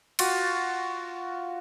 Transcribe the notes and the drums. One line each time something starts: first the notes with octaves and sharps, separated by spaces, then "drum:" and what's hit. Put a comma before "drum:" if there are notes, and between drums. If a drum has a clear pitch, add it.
F4 F#4, drum: cymbal